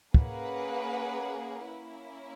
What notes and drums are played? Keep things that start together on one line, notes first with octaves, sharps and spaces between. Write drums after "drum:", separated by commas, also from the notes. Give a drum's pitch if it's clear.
A#3 C#4 G#4 B4 F#5, drum: kick
A#3 C#4 E4